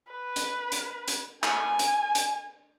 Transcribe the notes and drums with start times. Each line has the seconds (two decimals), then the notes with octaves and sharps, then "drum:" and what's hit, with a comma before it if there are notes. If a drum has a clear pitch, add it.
0.11 B4
0.36 drum: hi-hat
0.72 drum: hi-hat
1.08 drum: hi-hat
1.43 G#5, drum: clap
1.79 drum: hi-hat
2.15 drum: hi-hat